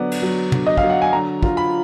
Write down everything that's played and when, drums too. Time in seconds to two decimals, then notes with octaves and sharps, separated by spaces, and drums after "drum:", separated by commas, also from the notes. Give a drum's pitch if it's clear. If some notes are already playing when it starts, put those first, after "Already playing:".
Already playing: D3 F#3 B3 D5
0.12 drum: cymbal
0.22 F#3
0.52 D3, drum: tom
0.67 D#5
0.78 F5, drum: kick
0.83 F#3
0.90 F#5
1.02 G#5
1.13 D3 A#5
1.43 F4, drum: kick
1.57 B5